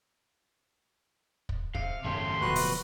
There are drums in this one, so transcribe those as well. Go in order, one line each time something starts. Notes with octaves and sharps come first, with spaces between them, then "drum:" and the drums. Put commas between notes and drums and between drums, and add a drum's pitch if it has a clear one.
drum: kick
C3 F5, drum: kick
G#1 F#2 C#3 A3 G4 C6
D1 B2 F3 F#4 B4 F#6
drum: open hi-hat